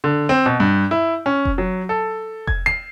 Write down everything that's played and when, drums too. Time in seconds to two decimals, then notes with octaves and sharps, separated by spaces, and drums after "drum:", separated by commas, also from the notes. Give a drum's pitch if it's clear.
0.04 D3
0.29 C4
0.46 B2
0.60 G2
0.91 E4
1.26 C#4
1.45 drum: kick F1
1.58 F#3
1.89 A4
2.47 G#6, drum: kick F1
2.66 C7